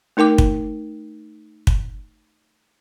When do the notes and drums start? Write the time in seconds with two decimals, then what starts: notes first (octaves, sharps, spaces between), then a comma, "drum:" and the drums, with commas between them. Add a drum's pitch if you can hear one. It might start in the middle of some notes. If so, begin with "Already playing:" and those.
0.17 A3 D#4 A#4 G5 D6
0.38 drum: kick
1.67 drum: kick